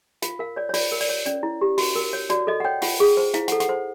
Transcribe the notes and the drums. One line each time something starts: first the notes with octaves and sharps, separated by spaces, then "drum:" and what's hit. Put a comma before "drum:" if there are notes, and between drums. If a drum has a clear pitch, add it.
F4 F5, drum: hi-hat
A#4 F5
C#5 D5
C#5
F4 D5, drum: open hi-hat
A#4
D5, drum: open hi-hat
C#5
C#4 D5, drum: hi-hat
E4
G4
F#4, drum: open hi-hat
A#4
C#5
F#4 D5, drum: hi-hat
A4 D#5
F#5
C#5 G5
F4 F#5, drum: open hi-hat
G#4
C5
E4 F5, drum: hi-hat
F#5, drum: hi-hat
A4
F#5, drum: hi-hat
C5